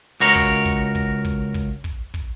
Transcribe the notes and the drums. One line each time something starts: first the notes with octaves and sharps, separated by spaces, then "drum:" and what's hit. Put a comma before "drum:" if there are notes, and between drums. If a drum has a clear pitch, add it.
C#2 F#4 A#4 C#5
drum: kick, hi-hat
drum: kick, hi-hat
drum: kick, hi-hat
drum: kick, hi-hat
drum: kick, hi-hat
drum: kick, hi-hat
drum: kick, hi-hat